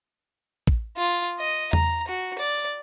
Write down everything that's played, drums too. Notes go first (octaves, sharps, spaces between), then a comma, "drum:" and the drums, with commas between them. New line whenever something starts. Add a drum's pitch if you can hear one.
drum: kick
F4
D#5
A#5, drum: tom E2
F#4
D5